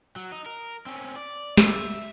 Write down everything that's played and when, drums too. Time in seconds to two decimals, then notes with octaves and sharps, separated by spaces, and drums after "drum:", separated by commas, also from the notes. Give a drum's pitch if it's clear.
0.16 F#3
0.32 D#4
0.46 A#4
0.86 C4 C#4
1.16 D5
1.57 E5, drum: snare